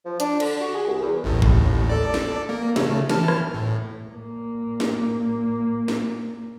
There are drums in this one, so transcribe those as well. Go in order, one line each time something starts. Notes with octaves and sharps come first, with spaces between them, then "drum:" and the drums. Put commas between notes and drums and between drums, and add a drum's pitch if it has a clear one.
F3
D4, drum: hi-hat
D3, drum: cymbal
F#4
G#4
C2
E2
A1 D#2 A2
drum: kick G#1
A4 D5
drum: snare
A#3
C#3 A3, drum: snare
E3 A5 F6, drum: snare
drum: rim click
A2
A#2 A#3
drum: snare
drum: snare